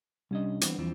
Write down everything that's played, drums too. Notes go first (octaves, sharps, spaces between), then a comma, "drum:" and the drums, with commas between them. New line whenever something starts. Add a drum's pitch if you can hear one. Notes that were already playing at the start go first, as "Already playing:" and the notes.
C2 G3 C#4 D4 D#5
E3 B3 C4, drum: hi-hat
E2 E3 F3 C4